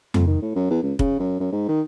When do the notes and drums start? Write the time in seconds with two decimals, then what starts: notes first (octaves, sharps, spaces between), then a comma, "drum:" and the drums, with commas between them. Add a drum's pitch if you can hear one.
0.14 F2, drum: tom F2
0.27 D#3
0.42 A2
0.55 F#2
0.70 E2
0.83 C#2
0.99 C#3, drum: kick
1.20 F#2
1.40 F#2
1.52 G#2
1.69 D#3